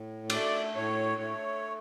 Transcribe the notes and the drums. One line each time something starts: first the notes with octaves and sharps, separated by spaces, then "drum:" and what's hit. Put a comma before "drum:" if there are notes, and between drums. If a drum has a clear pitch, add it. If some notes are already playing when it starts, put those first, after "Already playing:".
Already playing: A2
A3 D5, drum: cymbal
A2 C#5
A3